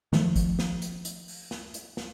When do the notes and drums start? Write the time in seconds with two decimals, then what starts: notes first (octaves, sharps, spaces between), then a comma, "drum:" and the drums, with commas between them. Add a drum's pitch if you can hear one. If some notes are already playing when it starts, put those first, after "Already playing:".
0.13 D#3 F3 A3, drum: snare
0.36 drum: kick, hi-hat
0.59 drum: snare
0.82 drum: hi-hat
1.05 drum: hi-hat
1.28 drum: open hi-hat
1.51 drum: snare
1.74 drum: hi-hat
1.97 drum: snare